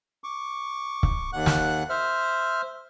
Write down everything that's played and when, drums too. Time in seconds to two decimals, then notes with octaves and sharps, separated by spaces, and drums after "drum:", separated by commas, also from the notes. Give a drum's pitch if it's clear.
0.24 C#6 D6
1.03 drum: kick C#1
1.33 D#2 F#5 F#6
1.46 drum: snare
1.90 C5 E5 F6